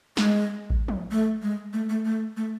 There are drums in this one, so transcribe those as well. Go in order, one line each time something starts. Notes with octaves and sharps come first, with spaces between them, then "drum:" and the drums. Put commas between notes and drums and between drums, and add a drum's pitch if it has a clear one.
G#3, drum: snare
drum: kick A1
drum: tom
A3
G#3
A3
A3
A3
A3